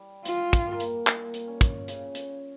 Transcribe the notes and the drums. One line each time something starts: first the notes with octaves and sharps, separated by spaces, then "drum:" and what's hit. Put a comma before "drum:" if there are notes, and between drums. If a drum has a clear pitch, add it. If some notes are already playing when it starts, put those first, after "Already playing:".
Already playing: G3
G3 F4, drum: hi-hat
drum: kick, hi-hat
A#3
drum: hi-hat
A#2, drum: clap
drum: hi-hat
C#4
drum: kick, hi-hat
C#3, drum: hi-hat
drum: hi-hat